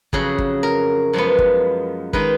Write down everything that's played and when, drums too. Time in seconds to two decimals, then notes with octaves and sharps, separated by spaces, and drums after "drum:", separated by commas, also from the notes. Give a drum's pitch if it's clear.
0.13 F2 C#3 F#3 G#4, drum: kick
0.38 drum: kick
0.63 A#4
1.13 F#2 F3 G#3 B3
1.39 drum: kick
2.13 D#3 G#3 D#4 B4, drum: kick